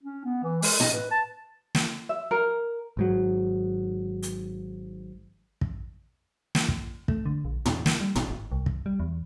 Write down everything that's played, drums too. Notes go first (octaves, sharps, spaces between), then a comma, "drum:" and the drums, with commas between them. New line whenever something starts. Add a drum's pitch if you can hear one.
C#4
B3
E3
G#3, drum: open hi-hat
D#5, drum: tom
B4
A5
drum: snare
E5
A#4
G#1 G#2 F#3
drum: hi-hat
drum: kick
drum: snare
drum: kick
A3, drum: kick
D3
A#1
E2, drum: tom
D#3, drum: snare
G3
G#1, drum: tom
G#1
C2
drum: kick
G3
E2